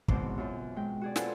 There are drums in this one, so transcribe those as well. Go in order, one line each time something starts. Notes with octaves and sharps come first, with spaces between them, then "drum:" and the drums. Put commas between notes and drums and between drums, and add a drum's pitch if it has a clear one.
E2 G#2 B2 C4 C5 D6, drum: kick
F#2 F4
G#3 G5
F#4 G#4 D5
F4 A4 B4 C5 F#5 G#5, drum: snare